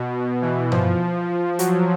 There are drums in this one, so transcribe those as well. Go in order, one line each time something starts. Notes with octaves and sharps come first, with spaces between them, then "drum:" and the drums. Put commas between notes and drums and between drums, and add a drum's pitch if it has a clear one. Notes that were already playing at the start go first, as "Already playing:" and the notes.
Already playing: B2
E3
F3, drum: tom G2
F#3, drum: hi-hat